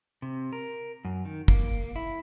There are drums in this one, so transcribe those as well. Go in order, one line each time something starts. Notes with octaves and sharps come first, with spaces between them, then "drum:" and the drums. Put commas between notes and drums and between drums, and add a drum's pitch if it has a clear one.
C3
A#4
F#2
D#3
A#3, drum: kick
E4